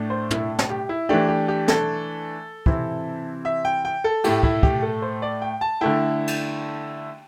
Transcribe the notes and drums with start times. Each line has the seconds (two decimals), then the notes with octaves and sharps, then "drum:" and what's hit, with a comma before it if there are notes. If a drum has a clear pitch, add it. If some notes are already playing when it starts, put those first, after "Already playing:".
Already playing: A2 A3 D4
0.10 C5
0.30 E4, drum: tom
0.59 drum: snare
0.70 G4
0.89 E4
1.09 E3 A3 D4 G4
1.28 G4
1.48 G4
1.68 A4, drum: snare
2.66 C3 E3 C4 E4, drum: kick
3.45 E5
3.65 G5
3.85 G5
4.04 A4
4.24 A2 A3 E4 G4, drum: cymbal
4.43 E4, drum: kick
4.63 G4, drum: kick
4.82 A4
5.02 C5
5.22 D5
5.42 G5
5.61 A5
5.81 D3 A3 E4 G5
6.27 drum: cymbal